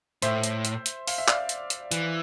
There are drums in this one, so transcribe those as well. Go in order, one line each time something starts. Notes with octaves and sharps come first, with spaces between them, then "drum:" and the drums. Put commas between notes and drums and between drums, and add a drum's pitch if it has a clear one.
A2 C5 E5, drum: hi-hat
drum: hi-hat
drum: hi-hat
drum: hi-hat
F5, drum: open hi-hat
E5
D5 F5, drum: clap
drum: hi-hat
drum: hi-hat
E3, drum: hi-hat